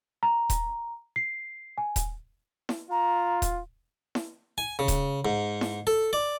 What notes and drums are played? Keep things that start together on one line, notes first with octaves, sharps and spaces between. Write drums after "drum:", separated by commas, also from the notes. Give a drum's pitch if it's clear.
A#5
drum: kick D#1, hi-hat
C7
G#5
drum: kick D#1, hi-hat
drum: snare E4
F4 A#5
drum: kick D#1, hi-hat
drum: snare E4
G#5
C#3
drum: kick D#1, hi-hat
G#2
drum: snare E4
A4
D5